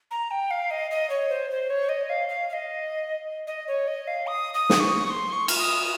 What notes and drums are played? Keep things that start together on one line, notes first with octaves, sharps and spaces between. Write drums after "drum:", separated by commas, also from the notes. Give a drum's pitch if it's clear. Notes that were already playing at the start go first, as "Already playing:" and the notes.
A#5
G5
F5
D#5
D#5
C#5
C5
C5
C#5
D#5
F5
F5
F5
D#5
D#5
C#5
D#5
F5
D#6
D#6
drum: snare
C#6
C#6
C6
C#6
F6, drum: cymbal
D#6